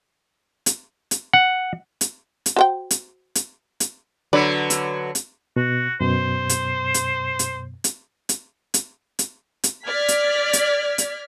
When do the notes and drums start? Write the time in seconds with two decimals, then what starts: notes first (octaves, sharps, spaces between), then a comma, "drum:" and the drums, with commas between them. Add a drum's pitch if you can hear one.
0.66 drum: hi-hat
1.11 drum: hi-hat
1.34 F#5
2.01 drum: hi-hat
2.46 drum: hi-hat
2.56 F#4 C5 G5
2.91 drum: hi-hat
3.35 drum: hi-hat
3.80 drum: hi-hat
4.33 D3 F#3 B4 D5
4.70 drum: hi-hat
5.15 drum: hi-hat
5.56 B2 F#4
6.01 F#2 B2 C5
6.49 drum: hi-hat
6.94 drum: hi-hat
7.39 drum: hi-hat
7.84 drum: hi-hat
8.29 drum: hi-hat
8.74 drum: hi-hat
9.19 drum: hi-hat
9.64 drum: hi-hat
9.84 D5 F6 G#6 B6
10.08 drum: hi-hat
10.53 drum: hi-hat
10.98 drum: hi-hat